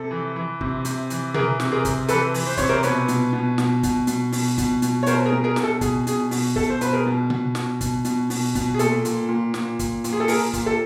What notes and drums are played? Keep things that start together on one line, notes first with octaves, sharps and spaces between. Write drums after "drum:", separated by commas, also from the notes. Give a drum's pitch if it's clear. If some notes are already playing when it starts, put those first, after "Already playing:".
Already playing: C3 A4
E3
E3
C3, drum: kick
C3, drum: hi-hat
E3, drum: hi-hat
E3 G#4 A#4, drum: tom B2
C3, drum: snare
G#4 A#4
C3, drum: kick, hi-hat
E3 A4 B4, drum: hi-hat
E3, drum: open hi-hat
C5
C3 C#5, drum: kick, hi-hat
A#4 C5
B2 B4 C#5, drum: hi-hat
B2, drum: hi-hat
B2
B2, drum: snare
B2, drum: kick, hi-hat
B2, drum: hi-hat
B2, drum: open hi-hat
B2, drum: kick, hi-hat
B2, drum: hi-hat
C#5
B2 A#4 C5, drum: hi-hat
G#4 A#4
B2
G#4 A#4
B2, drum: snare
A4
B2 G#4, drum: kick, hi-hat
B2 G#4, drum: hi-hat
B2, drum: open hi-hat
B2 A4, drum: kick
C5
B2 B4, drum: hi-hat
G#4 A#4
B2
B2, drum: tom B2
B2, drum: snare
B2, drum: kick, hi-hat
B2, drum: hi-hat
B2, drum: open hi-hat
B2, drum: kick, hi-hat
G#4
A#2 A4, drum: hi-hat
A#2, drum: hi-hat
A#2
A#2, drum: snare
A#2, drum: kick, hi-hat
A#2, drum: hi-hat
G#4
A4
A#2 G#4 A#4, drum: open hi-hat
A#2, drum: kick, hi-hat
A4